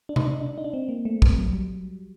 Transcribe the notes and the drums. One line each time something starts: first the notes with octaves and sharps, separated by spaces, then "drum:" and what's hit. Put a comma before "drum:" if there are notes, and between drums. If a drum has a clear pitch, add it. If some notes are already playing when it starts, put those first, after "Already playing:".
D4
D#4, drum: tom C3
D4
D4
D#4
D4
C4
A#3
A3
G3, drum: kick
A3
F#3
G3